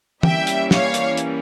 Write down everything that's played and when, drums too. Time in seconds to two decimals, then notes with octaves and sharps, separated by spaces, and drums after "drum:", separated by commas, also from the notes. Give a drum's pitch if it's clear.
0.23 E3 G3 A#3 C#4 E5 G5, drum: tom E3
0.47 drum: hi-hat
0.71 C#5 F5, drum: snare
0.94 drum: hi-hat
1.17 drum: hi-hat